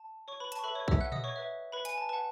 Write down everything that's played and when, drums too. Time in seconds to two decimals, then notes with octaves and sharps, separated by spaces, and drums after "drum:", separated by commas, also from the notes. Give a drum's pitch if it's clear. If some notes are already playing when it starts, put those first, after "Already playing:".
Already playing: A5
0.28 C#5 C#6
0.40 B4 B5
0.52 A5, drum: hi-hat
0.59 C#6
0.64 A4 B4 E5 B5
0.75 C#5 C#6
0.88 E5 E6, drum: kick
1.01 F#5 F#6
1.12 D#5 D#6, drum: tom A#2
1.24 C#5 C#6
1.36 B4 E5
1.72 B4 B5
1.85 G#5, drum: hi-hat
1.98 A5
2.09 B4 F#5 A5